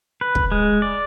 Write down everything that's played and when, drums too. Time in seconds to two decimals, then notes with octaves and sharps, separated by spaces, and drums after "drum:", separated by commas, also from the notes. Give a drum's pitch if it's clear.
0.21 B4
0.35 drum: kick
0.52 G#3
0.82 D5